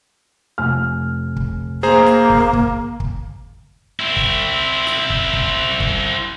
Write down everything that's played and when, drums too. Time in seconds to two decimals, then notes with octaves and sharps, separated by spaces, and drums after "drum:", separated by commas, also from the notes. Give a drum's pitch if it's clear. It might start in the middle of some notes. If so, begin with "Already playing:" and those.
0.58 F1 G#5 F6
1.36 drum: kick
1.83 A#3 G#4 C5 A#5
2.06 drum: snare
2.30 drum: kick
2.53 drum: kick
3.00 drum: kick
4.00 C4 E4
4.17 drum: kick
4.87 drum: snare
5.10 drum: kick
5.33 drum: kick
5.80 drum: kick